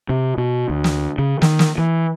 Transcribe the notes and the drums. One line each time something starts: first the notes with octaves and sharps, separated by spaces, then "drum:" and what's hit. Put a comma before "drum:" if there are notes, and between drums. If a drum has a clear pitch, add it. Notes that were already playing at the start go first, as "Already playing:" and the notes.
C3
B2
D2
drum: snare
C#3
D#3, drum: snare
drum: snare
E3